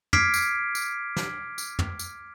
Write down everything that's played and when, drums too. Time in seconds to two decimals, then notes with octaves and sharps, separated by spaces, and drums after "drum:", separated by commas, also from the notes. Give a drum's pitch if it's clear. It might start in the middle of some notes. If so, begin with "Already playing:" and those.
0.13 D6 F6 G#6 B6 C7 D7, drum: tom
0.34 drum: tambourine
0.75 drum: tambourine
1.16 drum: snare
1.58 drum: tambourine
1.79 drum: tom
1.99 drum: tambourine